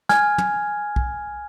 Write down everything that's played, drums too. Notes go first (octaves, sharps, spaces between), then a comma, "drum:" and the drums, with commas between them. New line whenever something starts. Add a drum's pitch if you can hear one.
G#5 F6 G#6, drum: snare
drum: tom
drum: kick B1